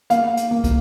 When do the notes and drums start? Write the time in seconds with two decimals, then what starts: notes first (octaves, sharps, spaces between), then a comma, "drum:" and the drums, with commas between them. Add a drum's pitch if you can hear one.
0.10 A#3 F5, drum: hi-hat
0.37 drum: hi-hat
0.51 A#3
0.64 drum: kick, hi-hat